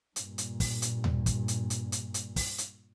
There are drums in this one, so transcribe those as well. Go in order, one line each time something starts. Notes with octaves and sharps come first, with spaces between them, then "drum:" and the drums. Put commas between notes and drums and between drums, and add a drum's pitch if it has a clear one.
G2 A#2, drum: hi-hat
drum: hi-hat
drum: kick, open hi-hat
drum: hi-hat
drum: tom D#2
drum: kick, hi-hat
drum: hi-hat
drum: hi-hat
drum: hi-hat
drum: hi-hat
drum: kick, open hi-hat
drum: hi-hat